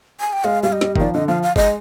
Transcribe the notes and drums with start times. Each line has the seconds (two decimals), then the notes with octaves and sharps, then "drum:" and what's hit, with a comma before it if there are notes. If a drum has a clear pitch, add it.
0.20 G#5
0.33 G5
0.44 G#3 F5
0.63 G3 F5
0.72 D#5
0.81 G3, drum: snare
0.96 D#3, drum: kick
1.00 F3 D5
1.14 D3 D#5
1.28 F3 F5
1.43 F5
1.56 G#3 D#5, drum: kick